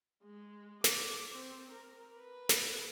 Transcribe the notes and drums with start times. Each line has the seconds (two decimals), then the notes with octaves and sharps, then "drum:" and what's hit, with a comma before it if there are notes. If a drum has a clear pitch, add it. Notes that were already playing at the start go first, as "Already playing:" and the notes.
0.24 G#3
0.84 D6, drum: snare
1.35 C4
1.71 A#4
2.18 B4
2.49 drum: snare